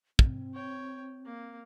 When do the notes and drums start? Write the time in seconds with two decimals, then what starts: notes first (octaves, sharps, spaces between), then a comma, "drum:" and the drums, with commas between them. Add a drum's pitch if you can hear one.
0.19 C4, drum: kick
0.54 C#5 G5
1.25 A#3